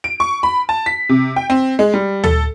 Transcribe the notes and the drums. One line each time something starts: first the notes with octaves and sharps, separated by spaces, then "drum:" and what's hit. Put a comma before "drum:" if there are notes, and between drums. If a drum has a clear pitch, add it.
D7
C#6
B5
A5
B6
C3
G5
C4
G#3
G3
A4, drum: tom